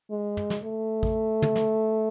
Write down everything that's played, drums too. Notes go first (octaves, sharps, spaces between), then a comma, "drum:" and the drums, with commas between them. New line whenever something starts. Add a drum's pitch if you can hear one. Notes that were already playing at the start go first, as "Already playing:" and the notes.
G#3
drum: tom
drum: snare
A3
drum: kick
drum: tom
drum: snare